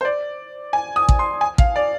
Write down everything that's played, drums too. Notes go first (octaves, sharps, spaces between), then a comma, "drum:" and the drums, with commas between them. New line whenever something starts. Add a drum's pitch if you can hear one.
C5
D5
G#5
D#6
drum: kick A1
C6
G#5
F5, drum: kick A1
D5